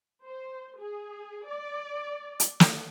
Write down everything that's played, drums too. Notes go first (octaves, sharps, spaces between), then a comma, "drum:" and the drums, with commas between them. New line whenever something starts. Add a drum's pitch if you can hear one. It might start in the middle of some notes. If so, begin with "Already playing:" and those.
C5
G#4
D5
drum: hi-hat
drum: snare